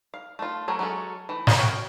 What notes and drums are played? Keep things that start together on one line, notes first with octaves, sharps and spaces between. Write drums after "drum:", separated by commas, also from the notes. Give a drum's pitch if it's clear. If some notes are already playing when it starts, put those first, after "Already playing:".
F5
A3 F4
F#3 A3 A#4 C#5
F#3 G#3 C#4 A4
E3 A3
drum: snare
F#4 C#5 F5 G5